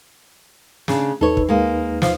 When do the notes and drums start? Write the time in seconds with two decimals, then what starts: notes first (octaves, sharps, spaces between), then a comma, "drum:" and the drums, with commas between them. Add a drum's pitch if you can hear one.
0.88 C#3 D4, drum: snare
1.21 D#2 D#4 A4 B4 C#5
1.37 drum: kick
1.49 G#3 A#3
2.02 F3, drum: snare